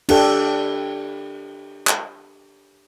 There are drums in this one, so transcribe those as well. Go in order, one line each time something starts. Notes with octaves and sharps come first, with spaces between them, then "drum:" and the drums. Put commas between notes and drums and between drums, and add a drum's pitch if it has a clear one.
D4 G4 A4, drum: cymbal
drum: clap